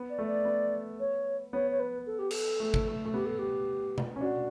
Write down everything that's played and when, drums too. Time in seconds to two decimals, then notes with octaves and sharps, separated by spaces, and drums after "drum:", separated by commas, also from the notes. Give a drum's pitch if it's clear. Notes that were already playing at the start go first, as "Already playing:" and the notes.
Already playing: B3
0.10 D5
0.19 A3
0.27 D5
0.45 B3
1.00 C#5
1.53 B3 C#5
1.71 C#5
1.80 B4
2.06 A4
2.19 G4
2.31 A4, drum: cymbal
2.60 A3
2.74 drum: kick
2.88 A3
3.05 A3
3.13 B3 G4
3.26 A4
3.39 G4
3.98 drum: tom B2
4.16 C#4
4.21 D4 F#4